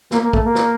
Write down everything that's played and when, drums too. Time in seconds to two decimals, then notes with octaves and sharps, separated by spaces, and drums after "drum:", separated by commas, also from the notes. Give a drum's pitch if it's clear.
0.11 A#3, drum: snare
0.22 A#3
0.33 A3, drum: kick
0.44 A#3
0.55 drum: snare